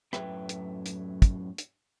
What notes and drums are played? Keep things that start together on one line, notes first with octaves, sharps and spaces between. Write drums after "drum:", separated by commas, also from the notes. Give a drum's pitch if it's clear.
F#2 A2 B4 E5 G5, drum: rim click
drum: hi-hat
drum: hi-hat
drum: kick, hi-hat
drum: hi-hat